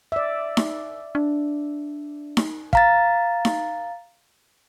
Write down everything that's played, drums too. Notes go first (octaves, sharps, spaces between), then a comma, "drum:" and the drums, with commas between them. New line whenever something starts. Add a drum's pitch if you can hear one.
D5 E5
drum: snare D#4
D4
drum: snare D#4
F5 A#5 A6, drum: kick
drum: snare D#4